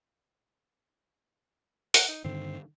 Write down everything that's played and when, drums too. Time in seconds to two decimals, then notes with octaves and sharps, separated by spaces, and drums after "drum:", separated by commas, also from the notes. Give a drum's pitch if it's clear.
1.94 F#5, drum: open hi-hat
2.09 D#4
2.25 G2 D3 D#3 C4